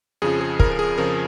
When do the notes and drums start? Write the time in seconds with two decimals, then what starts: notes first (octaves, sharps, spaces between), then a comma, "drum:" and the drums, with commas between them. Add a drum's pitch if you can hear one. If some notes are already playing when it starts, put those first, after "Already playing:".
0.22 F2 C#3 F3 G#4
0.41 G#4
0.60 A#4, drum: kick
0.71 A#4
0.79 G#4
0.98 F2 C#3 F3 A#4